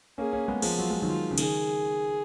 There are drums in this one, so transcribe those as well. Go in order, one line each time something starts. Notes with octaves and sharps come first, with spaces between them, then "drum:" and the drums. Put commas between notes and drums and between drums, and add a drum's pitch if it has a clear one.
A#3 C#4 G#4
A#3 C#4
G#3 B3
F3 G#3, drum: cymbal
F#3 F4
G#3
D#3 F#3
F4
C#3
D#3 G#4, drum: cymbal